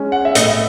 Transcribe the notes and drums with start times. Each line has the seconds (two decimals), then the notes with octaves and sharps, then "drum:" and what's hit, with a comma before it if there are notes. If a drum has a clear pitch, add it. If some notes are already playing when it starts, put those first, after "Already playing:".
Already playing: G#3 C#4
0.12 F#5
0.25 E5
0.35 A2 D#5, drum: hi-hat
0.48 E5